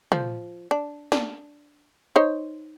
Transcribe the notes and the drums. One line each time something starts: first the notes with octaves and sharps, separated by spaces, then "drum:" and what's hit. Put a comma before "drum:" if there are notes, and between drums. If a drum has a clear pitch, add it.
F3, drum: tom
D4
D4, drum: snare
D#4 C5 C#5